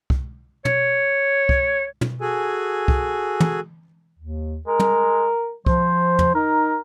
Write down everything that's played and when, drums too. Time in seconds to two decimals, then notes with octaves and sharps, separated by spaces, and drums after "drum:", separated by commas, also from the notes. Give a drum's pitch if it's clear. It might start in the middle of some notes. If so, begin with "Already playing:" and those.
0.10 drum: kick
0.65 C#5, drum: tom
1.49 drum: kick
2.01 drum: tom
2.21 F#4 G#4 A4 G#5
2.88 drum: kick
3.40 drum: tom
4.19 D#2
4.67 G#3 A#4
4.80 drum: tom
5.66 F3 C5, drum: kick
6.19 drum: tom
6.35 D#4 A#4